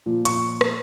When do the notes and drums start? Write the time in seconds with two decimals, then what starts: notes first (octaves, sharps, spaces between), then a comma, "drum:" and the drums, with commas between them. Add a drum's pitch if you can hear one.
0.06 A#2 F3
0.25 C#6, drum: hi-hat
0.61 drum: rim click